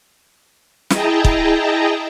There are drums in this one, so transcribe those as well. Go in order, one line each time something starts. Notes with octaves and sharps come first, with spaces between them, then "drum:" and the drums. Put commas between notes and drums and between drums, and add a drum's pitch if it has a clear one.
E4 G#4 D#5 G5 A5 A#5, drum: snare
drum: kick